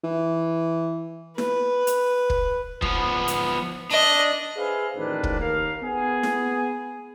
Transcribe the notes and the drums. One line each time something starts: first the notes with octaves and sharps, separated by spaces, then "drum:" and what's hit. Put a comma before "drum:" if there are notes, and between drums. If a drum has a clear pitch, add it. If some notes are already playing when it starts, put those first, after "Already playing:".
E3
B4, drum: snare E4
drum: hi-hat
drum: kick
F3 B3, drum: kick
drum: hi-hat
D4 D#5
G#4 B4 C5 E5 F5 G#5
A1 F2 D#3 A#3 D4 B4
drum: kick
D#2 A#4 F5
B3 G#4
drum: snare E4